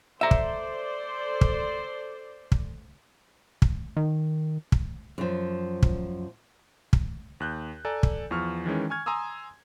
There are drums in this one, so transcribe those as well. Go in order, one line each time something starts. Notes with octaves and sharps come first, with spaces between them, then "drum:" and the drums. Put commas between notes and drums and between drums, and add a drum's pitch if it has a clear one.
A4 C5 D5 E5 A#5
drum: kick
drum: kick
drum: kick
drum: kick
D#3
drum: kick
F#2 F3
drum: kick
drum: kick
D#2 F#6 G6
A4 D5 G#5 A#5
drum: kick
E2 F3 C#6 F6
D#3 E3 G#3 C#4
G#5 C#6 F6 G#6
G#5 A#5 C6 D#6 E6